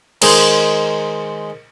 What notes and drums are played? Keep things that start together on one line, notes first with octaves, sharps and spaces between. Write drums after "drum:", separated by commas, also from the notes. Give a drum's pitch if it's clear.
D#3 G#3 D#4 C5 G#5, drum: cymbal